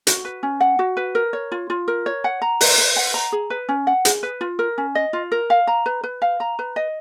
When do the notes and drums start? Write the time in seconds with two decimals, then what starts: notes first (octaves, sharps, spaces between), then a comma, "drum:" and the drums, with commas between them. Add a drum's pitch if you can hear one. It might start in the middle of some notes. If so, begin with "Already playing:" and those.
0.07 F#4, drum: hi-hat
0.25 B4
0.43 C#4
0.60 F#5
0.79 F#4
0.97 B4
1.15 A#4
1.33 C#5
1.52 F4
1.70 F4
1.88 A#4
2.06 C#5
2.24 F#5
2.42 A#5
2.61 B4, drum: open hi-hat
2.78 B4
2.96 F#5
3.14 A#5
3.32 G#4
3.50 B4
3.69 C#4
3.87 F#5
4.05 G#4, drum: hi-hat
4.23 B4
4.41 F4
4.59 A#4
4.78 C#4
4.95 D#5
5.13 F4
5.32 A#4
5.50 F5
5.67 A#5
5.86 B4
6.03 B4
6.22 F5
6.40 A#5
6.59 B4
6.76 D#5